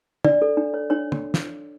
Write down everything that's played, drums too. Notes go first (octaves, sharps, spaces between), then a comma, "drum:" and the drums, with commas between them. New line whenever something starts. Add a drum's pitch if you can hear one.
D4 D5, drum: tom
A4
D4
C#5
D4 C#5
drum: tom
drum: snare